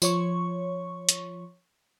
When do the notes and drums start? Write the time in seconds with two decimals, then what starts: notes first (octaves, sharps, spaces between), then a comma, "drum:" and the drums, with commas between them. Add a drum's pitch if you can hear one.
0.02 F3 C#5 C#6, drum: tambourine
1.09 drum: hi-hat